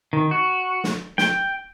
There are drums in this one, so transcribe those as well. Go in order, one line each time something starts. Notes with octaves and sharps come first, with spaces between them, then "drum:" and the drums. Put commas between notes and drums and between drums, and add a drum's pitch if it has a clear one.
D#3
F#4
drum: snare
G5, drum: snare